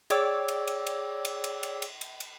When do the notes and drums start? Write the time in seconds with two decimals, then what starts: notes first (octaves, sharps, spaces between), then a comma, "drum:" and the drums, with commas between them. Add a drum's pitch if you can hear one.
0.10 G#4 C#5 D5 G5 D6 E6, drum: cymbal
0.48 drum: cymbal
0.67 drum: cymbal
0.87 drum: cymbal
1.25 drum: cymbal
1.44 drum: cymbal
1.63 drum: cymbal
1.82 drum: cymbal
2.01 drum: cymbal
2.20 drum: cymbal